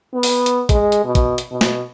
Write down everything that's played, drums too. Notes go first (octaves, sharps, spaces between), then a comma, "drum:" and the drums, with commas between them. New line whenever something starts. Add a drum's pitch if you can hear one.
B3
drum: open hi-hat
drum: hi-hat
G#3, drum: kick, hi-hat
drum: hi-hat
B2
drum: kick, hi-hat
drum: hi-hat
B2
drum: snare